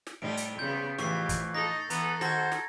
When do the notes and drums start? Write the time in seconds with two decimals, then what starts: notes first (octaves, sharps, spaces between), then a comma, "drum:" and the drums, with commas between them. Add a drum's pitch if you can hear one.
0.07 drum: snare
0.22 A2 C3 G3 D#4 D7
0.37 drum: hi-hat
0.59 C#3 B3 G6
0.99 F2 A2 E3 G4 C#6 C7, drum: snare
1.29 drum: kick, hi-hat
1.55 D#4 A4 A#6
1.90 E3 B3 A#5, drum: hi-hat
2.21 D#3 F#4 C5 G#6 A#6, drum: snare
2.52 drum: snare